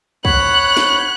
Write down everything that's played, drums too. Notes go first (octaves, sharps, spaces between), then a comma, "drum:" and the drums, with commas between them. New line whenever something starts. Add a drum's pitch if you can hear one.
C#5 F#5 B5 F#6, drum: kick
drum: snare